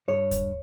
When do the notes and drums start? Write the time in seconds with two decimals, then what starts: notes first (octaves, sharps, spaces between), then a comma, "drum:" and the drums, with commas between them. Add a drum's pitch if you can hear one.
0.08 G2 C#5
0.31 drum: kick D#2, hi-hat